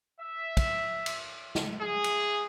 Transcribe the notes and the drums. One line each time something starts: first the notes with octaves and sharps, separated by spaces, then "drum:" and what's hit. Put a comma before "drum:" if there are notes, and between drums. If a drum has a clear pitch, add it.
E5
drum: kick, cymbal
drum: cymbal
drum: snare
G#4
drum: cymbal